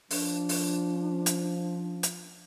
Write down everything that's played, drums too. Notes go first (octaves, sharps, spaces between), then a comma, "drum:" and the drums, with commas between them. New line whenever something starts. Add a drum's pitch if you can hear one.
F3 D4, drum: open hi-hat
drum: open hi-hat
drum: hi-hat
drum: hi-hat